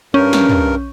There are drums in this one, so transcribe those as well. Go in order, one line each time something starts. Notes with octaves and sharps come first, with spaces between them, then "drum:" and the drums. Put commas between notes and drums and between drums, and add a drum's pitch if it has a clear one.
G2 C#4 A#4
drum: snare
drum: tom